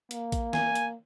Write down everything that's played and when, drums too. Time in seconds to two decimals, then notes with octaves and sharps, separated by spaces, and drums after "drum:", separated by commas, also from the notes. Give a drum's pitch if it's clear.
0.11 A#3, drum: hi-hat
0.32 drum: kick, hi-hat
0.53 G#5, drum: snare
0.75 drum: hi-hat